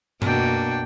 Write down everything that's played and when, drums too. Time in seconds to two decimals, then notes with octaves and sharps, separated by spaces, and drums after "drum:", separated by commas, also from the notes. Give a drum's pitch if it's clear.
0.22 B2 A#3 D4 F#4 G5, drum: tom F#2